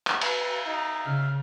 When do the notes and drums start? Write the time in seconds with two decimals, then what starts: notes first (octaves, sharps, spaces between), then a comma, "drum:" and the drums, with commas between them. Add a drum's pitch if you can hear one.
0.07 drum: clap
0.21 B4 E5 F5, drum: cymbal
0.67 D#4
1.05 C#3 F6